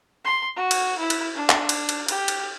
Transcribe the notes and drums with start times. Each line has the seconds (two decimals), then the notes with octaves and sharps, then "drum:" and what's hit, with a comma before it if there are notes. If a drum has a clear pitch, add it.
0.24 C6
0.56 F#4
0.71 drum: cymbal
0.99 E4
1.10 drum: cymbal
1.35 D4
1.49 drum: clap
1.69 drum: cymbal
1.89 drum: cymbal
2.08 G4, drum: cymbal
2.28 drum: cymbal